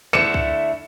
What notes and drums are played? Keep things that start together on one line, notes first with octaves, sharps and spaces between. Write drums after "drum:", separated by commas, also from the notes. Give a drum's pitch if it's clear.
D3 A3 E4 C#7 E7
drum: kick C#2